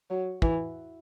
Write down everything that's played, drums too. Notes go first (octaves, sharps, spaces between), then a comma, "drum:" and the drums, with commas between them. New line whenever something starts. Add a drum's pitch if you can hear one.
F#3
E3, drum: kick